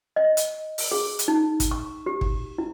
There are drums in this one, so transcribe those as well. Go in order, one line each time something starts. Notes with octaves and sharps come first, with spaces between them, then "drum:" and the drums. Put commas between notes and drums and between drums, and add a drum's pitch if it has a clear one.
D#5
drum: hi-hat
drum: open hi-hat
G#4
drum: hi-hat
D#4
drum: kick G#1, hi-hat
C#6
G4
drum: kick G#1
E4